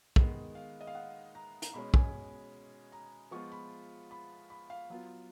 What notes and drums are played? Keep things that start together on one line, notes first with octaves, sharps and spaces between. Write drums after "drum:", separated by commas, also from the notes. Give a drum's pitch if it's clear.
D#3 G#3 B3, drum: kick
F5
D#5
F5
F#5
A#5
A#5, drum: hi-hat
B2 G#3 C#4 B5
G#5, drum: kick
A#5
F3 G#3 B3 F4 C#6
B5
B5
B5
F5
F#3 B3 F4